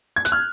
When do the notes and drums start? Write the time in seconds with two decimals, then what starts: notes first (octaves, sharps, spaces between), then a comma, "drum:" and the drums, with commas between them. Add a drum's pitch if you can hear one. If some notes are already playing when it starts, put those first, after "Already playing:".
0.16 G#6
0.25 F#6, drum: hi-hat
0.32 F6